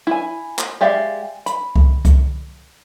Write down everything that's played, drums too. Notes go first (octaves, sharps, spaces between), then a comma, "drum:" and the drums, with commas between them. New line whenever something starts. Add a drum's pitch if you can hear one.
E4 G#5
drum: clap
G#3 G4 D5 E5 F5
B5, drum: hi-hat
drum: kick C2
drum: kick C2, hi-hat